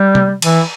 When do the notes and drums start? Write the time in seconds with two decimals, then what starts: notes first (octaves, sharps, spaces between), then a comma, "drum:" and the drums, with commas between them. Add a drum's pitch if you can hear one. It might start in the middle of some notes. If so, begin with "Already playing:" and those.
Already playing: G3
0.15 drum: tom C3
0.42 E3, drum: cymbal